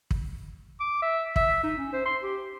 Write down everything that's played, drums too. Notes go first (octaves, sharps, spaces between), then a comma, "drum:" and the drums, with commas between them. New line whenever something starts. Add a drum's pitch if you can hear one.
drum: kick
D6
E5
E5, drum: kick
D#4
C#4
C5
C6
G4